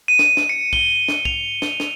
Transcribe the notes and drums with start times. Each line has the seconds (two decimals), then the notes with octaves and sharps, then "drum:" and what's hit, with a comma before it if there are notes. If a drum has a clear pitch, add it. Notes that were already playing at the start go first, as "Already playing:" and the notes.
0.08 D#7
0.19 drum: snare
0.37 drum: snare
0.49 C#7
0.73 G7, drum: kick
1.08 drum: snare
1.25 F7, drum: kick
1.62 drum: snare
1.80 drum: snare